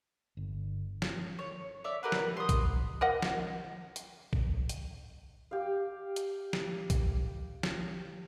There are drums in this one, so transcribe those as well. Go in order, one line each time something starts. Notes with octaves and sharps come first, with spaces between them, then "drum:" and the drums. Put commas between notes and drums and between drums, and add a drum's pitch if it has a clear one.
G1
drum: snare
C#5
C#5 D5 E5
G4 A#4 B4 F#5
drum: snare
C6 D#6
drum: kick A#1, hi-hat
A#4 D#5 F#5
drum: snare
drum: hi-hat
drum: kick A#1
drum: hi-hat
G4 F5
drum: hi-hat
drum: snare
drum: kick A#1, hi-hat
drum: snare